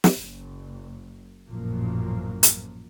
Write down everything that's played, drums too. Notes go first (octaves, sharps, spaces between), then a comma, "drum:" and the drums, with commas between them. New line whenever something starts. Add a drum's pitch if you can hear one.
drum: snare
F#1
A1 F#2 A#2 F3 F#3 A#3
drum: hi-hat